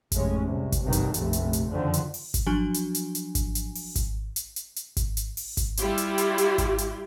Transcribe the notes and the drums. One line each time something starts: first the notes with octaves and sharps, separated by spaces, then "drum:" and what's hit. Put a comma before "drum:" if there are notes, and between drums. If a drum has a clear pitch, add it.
F1 A2 G#3 C#4, drum: kick G#1, hi-hat
C2
drum: kick G#1, hi-hat
C2 G2 B2 D#3
drum: hi-hat
F1 A#1 C3 A3, drum: hi-hat
drum: hi-hat
drum: hi-hat
F#1 F2 D3 D#3 F3
drum: hi-hat
drum: open hi-hat
drum: kick G#1, hi-hat
F3 F#3 D4 F#4 G#5 G7
drum: hi-hat
drum: hi-hat
drum: hi-hat
drum: kick G#1, hi-hat
drum: hi-hat
drum: open hi-hat
drum: kick G#1, hi-hat
drum: hi-hat
drum: hi-hat
drum: hi-hat
drum: kick G#1, hi-hat
drum: hi-hat
drum: open hi-hat
drum: kick G#1, hi-hat
G3 E4 F4 G4, drum: hi-hat
drum: hi-hat
drum: hi-hat
drum: hi-hat
drum: kick G#1, hi-hat
drum: hi-hat